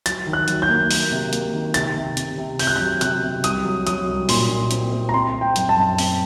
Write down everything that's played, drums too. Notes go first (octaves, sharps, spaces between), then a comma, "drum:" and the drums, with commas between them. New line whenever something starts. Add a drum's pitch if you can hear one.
F#3 A6, drum: hi-hat
D#3
F#6
F#3, drum: hi-hat
G6
A#3
A#3, drum: open hi-hat
C3
A#3, drum: hi-hat
D#3
C3 A6, drum: hi-hat
C3
C3, drum: hi-hat
C3
C3 G6, drum: open hi-hat
F#6
F#3 G6
C3 F#6, drum: hi-hat
C3
C2 D#6, drum: hi-hat
F#3
F#3 D#6, drum: hi-hat
C2
A#2 C6, drum: open hi-hat
A#2
C4, drum: hi-hat
C4
A#5
C4 C6
C4
G5
F#2, drum: hi-hat
A5
F#2
C4, drum: open hi-hat